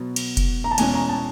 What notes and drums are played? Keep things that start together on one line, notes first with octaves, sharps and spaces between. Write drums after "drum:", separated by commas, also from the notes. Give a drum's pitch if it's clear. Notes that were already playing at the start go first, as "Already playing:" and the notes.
Already playing: B2 F#3 B3
drum: cymbal
drum: kick F1, cymbal
A#5
A5
E2 B2 G#3 C#4 G#5, drum: cymbal
A#5
A5